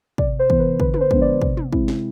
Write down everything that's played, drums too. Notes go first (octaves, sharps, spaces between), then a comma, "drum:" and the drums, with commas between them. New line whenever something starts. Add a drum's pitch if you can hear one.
C3 D5, drum: kick
C5
E3 B3, drum: kick
B4
D3 B4, drum: kick
B4, drum: tom
C5
F3 G#3 B3 D4, drum: kick
D5
C3, drum: kick
drum: tom
G#3 C4 E4, drum: kick
drum: snare